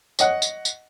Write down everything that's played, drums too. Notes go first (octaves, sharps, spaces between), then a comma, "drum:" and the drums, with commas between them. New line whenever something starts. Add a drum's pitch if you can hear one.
C#5 D#5 F#5, drum: tambourine
drum: tambourine
drum: tambourine